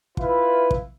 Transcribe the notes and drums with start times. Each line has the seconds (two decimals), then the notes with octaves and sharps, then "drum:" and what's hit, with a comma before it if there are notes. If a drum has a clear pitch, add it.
0.17 E4 F4 B4 E5 F5, drum: kick
0.71 drum: kick